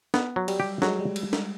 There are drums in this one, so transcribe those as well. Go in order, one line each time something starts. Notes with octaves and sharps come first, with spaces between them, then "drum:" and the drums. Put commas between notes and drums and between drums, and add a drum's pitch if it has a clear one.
B3, drum: snare
F#3
G3, drum: cymbal
G4
F#3 G#3, drum: snare
G3
drum: cymbal
drum: snare